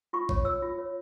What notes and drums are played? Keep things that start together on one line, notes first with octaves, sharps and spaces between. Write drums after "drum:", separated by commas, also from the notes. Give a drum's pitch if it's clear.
F4 C#6
C#5, drum: kick
C#5 E6
F4
C#5